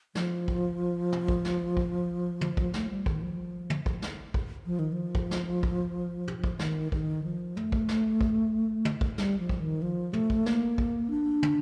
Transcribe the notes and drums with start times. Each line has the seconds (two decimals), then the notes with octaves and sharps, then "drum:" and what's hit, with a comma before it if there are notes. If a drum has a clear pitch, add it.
0.15 F3, drum: snare
0.48 drum: kick
1.12 drum: tom
1.28 drum: kick
1.45 drum: snare
1.77 drum: kick
2.41 drum: tom
2.57 drum: kick
2.74 A3, drum: snare
2.90 G3
3.06 D#3, drum: kick
3.22 F3
3.70 drum: tom
3.86 drum: kick
4.02 drum: snare
4.34 drum: kick
4.66 F3
4.79 D#3
4.92 F3
5.15 drum: kick
5.31 drum: snare
5.63 drum: kick
6.27 drum: tom
6.44 drum: kick
6.59 D#3, drum: snare
6.92 D#3, drum: kick
7.23 F3
7.57 A3, drum: tom
7.72 drum: kick
7.88 drum: snare
8.21 drum: kick
8.85 drum: tom
9.01 drum: kick
9.18 G3, drum: snare
9.39 F3
9.49 drum: kick
9.60 D#3
9.82 F3
10.13 A3, drum: tom
10.30 drum: kick
10.46 A#3, drum: snare
10.78 drum: kick
11.10 D4
11.43 drum: tom